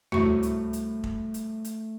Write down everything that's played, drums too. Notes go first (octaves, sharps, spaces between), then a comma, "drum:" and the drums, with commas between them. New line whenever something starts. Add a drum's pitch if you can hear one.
C2 A2 C3 A3 F#4 C#6, drum: tom D2
drum: hi-hat
drum: hi-hat
drum: kick
drum: hi-hat
drum: hi-hat